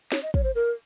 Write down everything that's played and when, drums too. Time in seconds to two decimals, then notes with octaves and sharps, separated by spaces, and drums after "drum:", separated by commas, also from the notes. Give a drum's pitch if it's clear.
0.12 C#5, drum: snare
0.23 D#5
0.34 C#5, drum: kick
0.44 C5
0.55 A#4